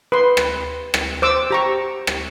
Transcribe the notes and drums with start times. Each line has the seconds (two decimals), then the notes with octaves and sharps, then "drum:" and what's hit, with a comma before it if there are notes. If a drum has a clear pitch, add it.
0.12 B4 C6
0.37 drum: rim click
0.94 drum: rim click
1.22 C5 D6 E6
1.51 G4 A#5 C#6
2.07 drum: rim click